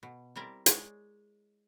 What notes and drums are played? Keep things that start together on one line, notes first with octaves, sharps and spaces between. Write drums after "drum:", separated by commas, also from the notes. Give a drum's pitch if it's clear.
B2
G3 C4 E4 A#4 D5
G#3 C#5 D5, drum: hi-hat